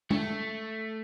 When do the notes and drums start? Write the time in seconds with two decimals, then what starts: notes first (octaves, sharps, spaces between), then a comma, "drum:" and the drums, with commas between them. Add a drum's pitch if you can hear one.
0.11 A3, drum: tom G#3